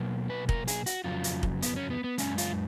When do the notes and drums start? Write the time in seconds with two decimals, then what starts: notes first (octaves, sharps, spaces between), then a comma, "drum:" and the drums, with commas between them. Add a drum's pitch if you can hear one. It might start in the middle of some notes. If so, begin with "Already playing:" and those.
Already playing: B2 F#3 A#3
0.30 B4
0.49 A#4, drum: kick
0.68 G#4, drum: hi-hat
0.86 F#4, drum: hi-hat
1.04 F2 C#3 F#3 F4
1.24 drum: hi-hat
1.43 drum: kick
1.62 B3, drum: hi-hat
1.76 C#4
1.90 B3
2.04 B3
2.18 F#2 C#3 G#3 C#4, drum: hi-hat
2.38 F4, drum: hi-hat